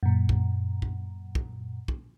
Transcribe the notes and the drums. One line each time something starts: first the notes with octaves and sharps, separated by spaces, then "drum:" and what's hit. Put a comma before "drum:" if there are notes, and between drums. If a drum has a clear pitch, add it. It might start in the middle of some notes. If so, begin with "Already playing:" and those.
F#2 A#2
drum: kick
drum: kick
drum: kick
drum: kick